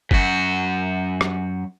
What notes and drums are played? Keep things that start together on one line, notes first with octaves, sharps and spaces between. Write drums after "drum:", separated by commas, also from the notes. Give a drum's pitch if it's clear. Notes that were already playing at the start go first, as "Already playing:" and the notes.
F#2 F#4, drum: kick F#1
drum: rim click